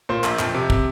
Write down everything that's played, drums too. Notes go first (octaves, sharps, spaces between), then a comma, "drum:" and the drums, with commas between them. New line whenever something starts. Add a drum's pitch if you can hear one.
A#2 C5
A#1, drum: clap
F2, drum: clap
C3
drum: kick